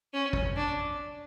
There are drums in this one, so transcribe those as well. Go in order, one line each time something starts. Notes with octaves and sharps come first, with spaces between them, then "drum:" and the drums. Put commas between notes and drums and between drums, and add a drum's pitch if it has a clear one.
C#4
drum: kick
D4